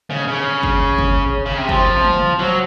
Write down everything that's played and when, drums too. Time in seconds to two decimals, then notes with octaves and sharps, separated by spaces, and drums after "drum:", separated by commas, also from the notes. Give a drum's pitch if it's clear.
0.10 C#3
0.28 C#3
0.63 drum: kick
0.99 drum: kick
1.46 C#3
1.58 C3
1.69 F3, drum: kick
2.04 drum: tom
2.39 F#3